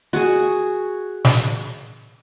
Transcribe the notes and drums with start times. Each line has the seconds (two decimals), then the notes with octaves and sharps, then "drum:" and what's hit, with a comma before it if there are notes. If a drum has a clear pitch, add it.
0.13 F#4 G#4
1.25 drum: snare